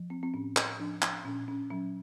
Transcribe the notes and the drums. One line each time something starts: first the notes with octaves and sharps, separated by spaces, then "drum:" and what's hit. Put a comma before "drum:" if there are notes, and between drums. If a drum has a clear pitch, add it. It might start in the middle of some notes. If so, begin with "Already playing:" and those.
Already playing: F3
C4
C4
A2 C#4
drum: clap
F3 D4
drum: clap
A#2 C#4
C#4
F#3 C#4